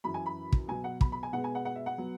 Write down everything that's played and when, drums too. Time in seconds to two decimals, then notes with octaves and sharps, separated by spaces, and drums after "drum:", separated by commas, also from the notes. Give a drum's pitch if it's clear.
0.04 F#2 E3 C#4 B5
0.14 G#5
0.26 B5
0.53 drum: kick
0.68 B2 F#3 B3 G#5
0.84 F#5
1.01 B5, drum: kick
1.12 B5
1.23 G#5
1.33 B2 G#3 B3 F#5
1.44 G#5
1.55 F#5
1.65 F#5
1.76 E5
1.86 F#5
1.98 F#3 B3